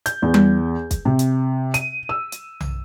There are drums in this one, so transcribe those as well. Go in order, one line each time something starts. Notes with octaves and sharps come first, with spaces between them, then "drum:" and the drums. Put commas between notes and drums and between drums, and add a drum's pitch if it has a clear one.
G6, drum: hi-hat
E2
drum: tom G3
drum: kick, hi-hat
C3
drum: hi-hat
D#7, drum: hi-hat
E6
drum: hi-hat
drum: tom B1